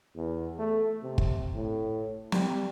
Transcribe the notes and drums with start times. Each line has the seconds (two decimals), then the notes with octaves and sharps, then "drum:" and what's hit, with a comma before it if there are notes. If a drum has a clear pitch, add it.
0.16 E2
0.58 A3
1.02 C3
1.18 drum: kick
1.54 A2
2.32 G3, drum: snare